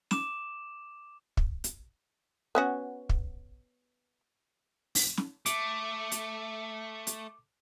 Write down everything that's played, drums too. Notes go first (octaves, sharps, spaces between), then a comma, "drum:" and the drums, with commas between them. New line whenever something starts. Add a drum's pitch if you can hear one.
D6 E7, drum: snare
drum: kick
drum: hi-hat
B3 C#4 F#4
drum: kick
drum: open hi-hat
drum: snare
A3 D6, drum: hi-hat
drum: hi-hat
drum: hi-hat